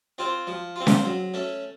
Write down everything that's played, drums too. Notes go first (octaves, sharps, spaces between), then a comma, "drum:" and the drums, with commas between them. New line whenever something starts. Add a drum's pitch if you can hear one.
C4 F4 C5
F3
C4 F4
drum: snare C#4
F#3
A3 C#4